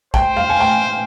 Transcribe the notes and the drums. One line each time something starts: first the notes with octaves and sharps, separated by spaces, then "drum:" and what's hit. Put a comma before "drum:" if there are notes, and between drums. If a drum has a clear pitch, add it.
C5 G5, drum: kick
F5
G#5
G5